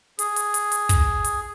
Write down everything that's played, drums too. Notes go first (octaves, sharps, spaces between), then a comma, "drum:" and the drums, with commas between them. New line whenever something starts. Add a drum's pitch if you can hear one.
G#4, drum: hi-hat
drum: hi-hat
drum: hi-hat
drum: hi-hat
drum: kick, hi-hat
drum: hi-hat